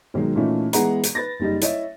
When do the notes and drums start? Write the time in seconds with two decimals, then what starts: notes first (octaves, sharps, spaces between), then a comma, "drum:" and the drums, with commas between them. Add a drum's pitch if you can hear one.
0.14 B1 D#3 F#3 G#3
0.35 A#2 E3 A3 C#4 D#4
0.73 E3 G#3 B3 G#4 F#5 A#5, drum: hi-hat
1.03 drum: hi-hat
1.15 B4 A6 A#6
1.40 F#1 G3 D#4
1.61 E4 C#5 D#5 E5, drum: hi-hat